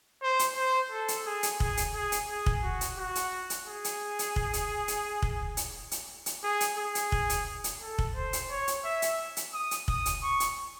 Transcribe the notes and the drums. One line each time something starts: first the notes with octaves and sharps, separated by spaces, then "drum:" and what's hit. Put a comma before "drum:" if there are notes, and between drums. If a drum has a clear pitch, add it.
C5
drum: hi-hat
C5
A4
drum: hi-hat
G#4
drum: hi-hat
G#4, drum: kick
drum: hi-hat
G#4
drum: hi-hat
G#4
drum: kick
F#4
drum: hi-hat
F#4
drum: hi-hat
drum: hi-hat
G#4
drum: hi-hat
drum: hi-hat
drum: kick
drum: hi-hat
drum: hi-hat
drum: kick
drum: hi-hat
drum: hi-hat
drum: hi-hat
G#4
drum: hi-hat
G#4
drum: hi-hat
drum: kick
drum: hi-hat
drum: hi-hat
A4
drum: kick
C5
drum: hi-hat
C#5
drum: hi-hat
E5
drum: hi-hat
drum: hi-hat
D#6
drum: hi-hat
D#6, drum: kick
drum: hi-hat
C#6
drum: hi-hat